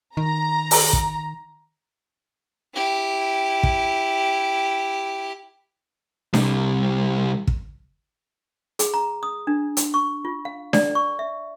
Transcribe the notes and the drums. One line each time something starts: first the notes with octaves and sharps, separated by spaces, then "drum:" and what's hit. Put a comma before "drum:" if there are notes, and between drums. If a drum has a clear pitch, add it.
D#3 A#5
drum: open hi-hat
drum: kick
E4 G4
drum: kick
C2 G3, drum: snare D4
drum: kick
G#4, drum: hi-hat
A#5
D#6
D4
drum: hi-hat
C#6
F4
F5
D5, drum: snare D4
C#6
E5